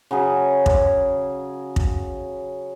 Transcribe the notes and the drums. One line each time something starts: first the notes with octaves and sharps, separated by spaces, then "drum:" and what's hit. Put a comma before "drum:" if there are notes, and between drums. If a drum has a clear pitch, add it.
C#3 F#3 G#4
drum: kick
drum: kick